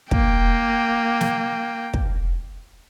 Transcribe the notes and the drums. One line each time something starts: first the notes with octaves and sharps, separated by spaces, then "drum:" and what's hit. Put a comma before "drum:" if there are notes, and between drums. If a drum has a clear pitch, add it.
A#3 G5, drum: kick
drum: snare
drum: kick